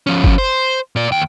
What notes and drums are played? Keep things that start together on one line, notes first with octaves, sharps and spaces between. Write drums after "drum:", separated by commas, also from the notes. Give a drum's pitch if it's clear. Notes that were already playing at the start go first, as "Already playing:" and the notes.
F3 C#4
drum: kick
C5
A#2 D5
D#2 G5